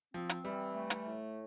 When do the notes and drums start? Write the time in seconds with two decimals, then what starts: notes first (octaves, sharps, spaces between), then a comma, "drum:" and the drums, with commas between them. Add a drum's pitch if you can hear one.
0.14 F3 C4
0.29 drum: hi-hat
0.44 E3 G3
0.74 A3
0.90 drum: hi-hat
1.06 A2